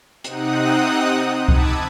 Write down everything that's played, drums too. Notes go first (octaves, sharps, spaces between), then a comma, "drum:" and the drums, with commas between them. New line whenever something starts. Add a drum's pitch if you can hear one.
C3 C4 D#4 F#5 D#6 F#6, drum: hi-hat
A5 B5 D6 E6 G#6, drum: kick C2